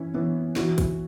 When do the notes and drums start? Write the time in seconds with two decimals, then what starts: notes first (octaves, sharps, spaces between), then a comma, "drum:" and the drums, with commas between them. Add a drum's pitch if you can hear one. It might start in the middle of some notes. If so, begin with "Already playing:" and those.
Already playing: E3 C#4 E4
0.14 E3 B3
0.56 E3 F#4, drum: snare
0.78 drum: kick, hi-hat